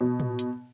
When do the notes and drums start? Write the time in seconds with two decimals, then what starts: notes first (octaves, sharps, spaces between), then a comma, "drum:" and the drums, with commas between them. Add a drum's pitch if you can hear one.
0.01 B2
0.20 drum: tom
0.39 drum: hi-hat